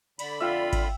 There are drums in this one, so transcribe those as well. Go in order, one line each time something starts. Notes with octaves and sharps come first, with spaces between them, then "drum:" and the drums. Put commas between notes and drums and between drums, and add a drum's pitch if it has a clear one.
D3 D5 B5, drum: cymbal
F2 D4 F4 E5 G5
drum: kick G#1, cymbal